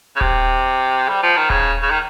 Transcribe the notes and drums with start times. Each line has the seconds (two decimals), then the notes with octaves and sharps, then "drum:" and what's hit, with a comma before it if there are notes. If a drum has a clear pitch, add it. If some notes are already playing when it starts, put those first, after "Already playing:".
0.16 C#3
0.21 C3, drum: kick D#1
1.09 G3
1.23 F3
1.37 D#3
1.50 C#3, drum: kick D#1
1.83 C#3
1.91 D#3